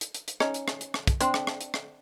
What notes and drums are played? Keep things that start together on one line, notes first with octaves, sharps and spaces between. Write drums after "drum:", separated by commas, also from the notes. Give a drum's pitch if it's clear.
drum: hi-hat
drum: hi-hat
drum: hi-hat
C#4 D#4, drum: rim click
drum: hi-hat
drum: rim click
drum: hi-hat
drum: rim click
drum: kick, hi-hat
C4 D4, drum: hi-hat
drum: rim click
drum: rim click
drum: hi-hat
drum: rim click